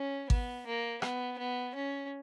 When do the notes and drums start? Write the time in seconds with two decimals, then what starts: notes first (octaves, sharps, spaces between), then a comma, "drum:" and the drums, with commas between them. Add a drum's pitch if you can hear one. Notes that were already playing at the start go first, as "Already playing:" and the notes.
Already playing: C#4
0.30 B3, drum: kick G#1
0.67 A#3
1.02 B3, drum: rim click
1.38 B3
1.75 C#4